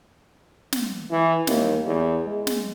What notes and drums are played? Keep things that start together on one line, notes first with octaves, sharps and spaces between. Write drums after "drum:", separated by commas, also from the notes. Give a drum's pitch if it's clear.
drum: snare
E3
D#2, drum: snare
E2
G#3
drum: snare